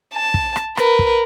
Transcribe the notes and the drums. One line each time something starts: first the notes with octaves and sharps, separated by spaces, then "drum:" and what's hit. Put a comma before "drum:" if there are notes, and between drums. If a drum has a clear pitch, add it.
A5
drum: kick
drum: rim click
A#4 B4, drum: rim click
drum: kick